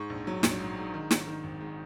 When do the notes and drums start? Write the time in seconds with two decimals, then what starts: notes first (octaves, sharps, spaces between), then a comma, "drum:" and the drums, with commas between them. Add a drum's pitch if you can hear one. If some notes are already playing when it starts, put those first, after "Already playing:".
Already playing: G#2 G#3 C#6
0.10 A#1
0.27 F#3
0.43 A#1, drum: snare
0.60 G#2
0.77 G#2
0.94 D#3
1.11 G#2, drum: snare
1.27 D#3
1.44 G#1
1.60 G#2